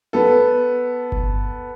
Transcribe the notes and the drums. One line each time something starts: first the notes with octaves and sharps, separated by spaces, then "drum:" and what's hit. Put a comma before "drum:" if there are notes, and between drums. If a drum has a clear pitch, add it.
B3 A4
drum: kick G1